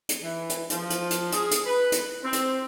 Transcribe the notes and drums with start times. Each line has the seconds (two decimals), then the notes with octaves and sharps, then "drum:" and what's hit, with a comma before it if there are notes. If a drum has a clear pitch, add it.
0.09 drum: hi-hat
0.22 E3
0.49 drum: hi-hat
0.70 F3, drum: hi-hat
0.90 drum: hi-hat
1.11 drum: hi-hat
1.32 G#4, drum: hi-hat
1.51 drum: hi-hat
1.66 B4
1.92 drum: hi-hat
2.23 C4
2.33 drum: hi-hat